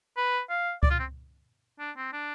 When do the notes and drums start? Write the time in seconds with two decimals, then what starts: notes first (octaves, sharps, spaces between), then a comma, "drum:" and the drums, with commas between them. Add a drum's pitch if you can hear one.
0.17 B4
0.50 F5
0.83 D5, drum: kick C#2
0.90 F4
0.99 C4
1.80 D4
1.97 C4
2.13 D4